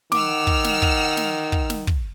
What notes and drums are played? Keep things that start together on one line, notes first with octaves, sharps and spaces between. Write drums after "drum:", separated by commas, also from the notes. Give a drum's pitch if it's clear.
D#3 F#5 D6 E6 F6, drum: snare
drum: kick
drum: snare
drum: kick
drum: snare
drum: kick
drum: snare
drum: kick